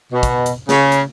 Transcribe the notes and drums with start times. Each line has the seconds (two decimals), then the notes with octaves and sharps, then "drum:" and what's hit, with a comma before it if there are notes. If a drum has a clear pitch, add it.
0.13 B2
0.23 drum: kick, hi-hat
0.46 drum: hi-hat
0.69 C#3, drum: snare
0.92 drum: hi-hat